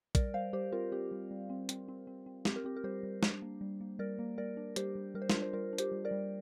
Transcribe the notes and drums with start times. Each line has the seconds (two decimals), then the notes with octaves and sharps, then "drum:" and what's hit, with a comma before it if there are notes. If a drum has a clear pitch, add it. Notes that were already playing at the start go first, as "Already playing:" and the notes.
0.15 G3 A#4 D5, drum: kick, hi-hat
0.34 G3 C5 F5
0.53 G3 G4 C5
0.72 C4 F4 A#4
0.92 C4 G4
1.11 G3
1.31 G3
1.50 C4
1.69 C4, drum: hi-hat
1.88 C4
2.07 C4
2.26 C4
2.45 C4 G4, drum: snare
2.56 A#4
2.64 C4 G4
2.76 A#4
2.84 G3 G4 C5
3.03 G3
3.23 D4, drum: snare
3.42 A#3
3.61 G3
3.81 A#3
3.99 G3 A#4 D5
4.19 A#3
4.38 G3 A#4 D5
4.57 D4
4.76 G3 G4 C5, drum: hi-hat
4.95 G3
5.15 G3 A#4
5.22 C5
5.30 D4 F4 A#4, drum: snare
5.42 C5
5.53 G3 F4 A#4
5.73 D4
5.78 G4 C5, drum: hi-hat
5.92 G3
6.05 A#4 D5
6.11 G3